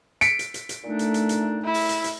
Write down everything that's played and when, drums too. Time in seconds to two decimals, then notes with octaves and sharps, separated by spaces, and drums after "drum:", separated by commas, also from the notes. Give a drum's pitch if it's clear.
0.21 B6 C#7 D7, drum: hi-hat
0.39 drum: hi-hat
0.54 drum: hi-hat
0.69 drum: hi-hat
0.84 A#2 A3 D4 D#4
0.99 drum: hi-hat
1.14 drum: hi-hat
1.29 drum: hi-hat
1.65 E4
1.74 drum: open hi-hat
1.89 drum: hi-hat
2.04 drum: hi-hat